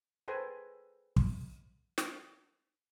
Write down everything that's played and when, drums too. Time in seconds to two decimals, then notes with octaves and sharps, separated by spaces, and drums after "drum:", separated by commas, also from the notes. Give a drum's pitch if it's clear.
0.28 G#4 A4 B4 C5 G5 G#5
1.16 drum: kick
1.98 drum: snare